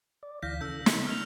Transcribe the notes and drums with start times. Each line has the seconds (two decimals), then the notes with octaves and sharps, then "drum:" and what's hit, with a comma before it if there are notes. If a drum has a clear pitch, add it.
0.23 D5
0.42 D2 E3 F5 G6 A#6 B6
0.61 C#3 A4 E6 G6
0.86 C#3, drum: snare
1.07 F6 F7